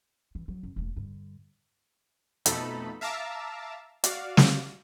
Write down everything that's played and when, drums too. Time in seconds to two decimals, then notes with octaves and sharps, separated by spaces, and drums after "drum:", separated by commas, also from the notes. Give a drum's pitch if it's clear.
0.35 E3
0.48 F#3
0.63 F#2
0.76 E1 A3
0.96 G2 D3
2.46 F2 B2 A3 D#4 A4 B5, drum: hi-hat
3.01 E5 F5 A5 A#5 D6 E6
4.04 F#4 D5 F5, drum: hi-hat
4.37 drum: snare